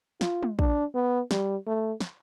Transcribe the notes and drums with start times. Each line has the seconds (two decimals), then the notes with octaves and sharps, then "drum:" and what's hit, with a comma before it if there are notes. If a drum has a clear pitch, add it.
0.21 F4, drum: snare
0.43 drum: tom
0.59 D4, drum: kick
0.95 B3
1.31 G3, drum: snare
1.67 A3
2.00 drum: snare